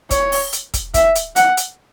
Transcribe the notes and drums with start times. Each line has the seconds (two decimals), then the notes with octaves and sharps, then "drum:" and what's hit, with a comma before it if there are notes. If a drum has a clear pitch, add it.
0.11 C#5, drum: kick, hi-hat
0.32 drum: open hi-hat
0.53 drum: hi-hat
0.74 drum: kick, hi-hat
0.94 E5, drum: kick, hi-hat
1.16 drum: hi-hat
1.36 F#5, drum: hi-hat
1.57 drum: hi-hat